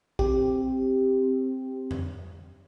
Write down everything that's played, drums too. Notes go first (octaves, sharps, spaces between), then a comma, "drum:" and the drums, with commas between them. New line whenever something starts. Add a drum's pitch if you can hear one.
C4 G4, drum: kick A#1
drum: tom F2